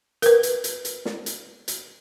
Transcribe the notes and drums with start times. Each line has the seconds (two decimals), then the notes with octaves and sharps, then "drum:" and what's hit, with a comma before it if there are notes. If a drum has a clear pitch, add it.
0.22 A#4 B4, drum: hi-hat
0.43 drum: hi-hat
0.64 drum: hi-hat
0.85 drum: hi-hat
1.05 drum: snare
1.26 drum: hi-hat
1.68 drum: hi-hat